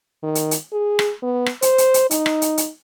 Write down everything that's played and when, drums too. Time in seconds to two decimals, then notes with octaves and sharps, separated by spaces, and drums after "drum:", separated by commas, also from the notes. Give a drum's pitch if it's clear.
0.23 D#3
0.35 drum: hi-hat
0.51 drum: hi-hat
0.73 G#4
0.99 drum: rim click
1.23 B3
1.46 drum: rim click
1.62 C5, drum: hi-hat
1.78 drum: hi-hat
1.94 drum: hi-hat
2.11 D#4, drum: hi-hat
2.26 drum: rim click
2.42 drum: hi-hat
2.58 drum: hi-hat